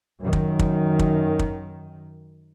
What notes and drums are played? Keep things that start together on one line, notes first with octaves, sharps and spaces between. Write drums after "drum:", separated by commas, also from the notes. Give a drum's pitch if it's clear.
F#2 D#3
drum: kick
drum: kick
drum: kick
drum: kick